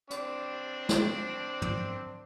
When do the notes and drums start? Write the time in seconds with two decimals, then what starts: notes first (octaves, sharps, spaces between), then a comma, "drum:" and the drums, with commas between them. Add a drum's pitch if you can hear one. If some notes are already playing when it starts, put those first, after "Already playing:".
0.10 C4 D4 D5, drum: hi-hat
0.89 drum: snare
1.62 drum: tom